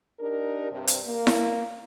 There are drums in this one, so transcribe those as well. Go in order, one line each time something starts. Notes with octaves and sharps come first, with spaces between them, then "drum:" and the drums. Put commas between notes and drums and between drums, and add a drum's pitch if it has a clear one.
D4 D#4 G4 A#4
G2 C3
drum: hi-hat
A#3
drum: snare E4